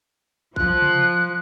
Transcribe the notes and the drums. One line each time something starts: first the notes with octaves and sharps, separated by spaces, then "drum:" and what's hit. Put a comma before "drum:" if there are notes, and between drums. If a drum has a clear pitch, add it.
F3 F#6, drum: kick A#1
drum: tom C3